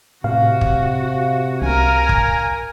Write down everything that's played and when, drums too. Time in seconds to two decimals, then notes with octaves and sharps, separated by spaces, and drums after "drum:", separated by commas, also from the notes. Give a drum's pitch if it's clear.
0.24 A2 C3 F#4 F5
0.61 drum: kick
1.62 C2 A#4 G#5
2.09 drum: kick